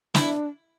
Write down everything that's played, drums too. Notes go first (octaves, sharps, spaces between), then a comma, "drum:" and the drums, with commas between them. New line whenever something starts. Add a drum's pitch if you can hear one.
D4 E4, drum: snare